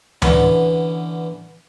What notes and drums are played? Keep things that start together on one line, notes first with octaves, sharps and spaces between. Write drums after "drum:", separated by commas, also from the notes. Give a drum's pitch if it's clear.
D3 E3 B3 C#4, drum: tom D2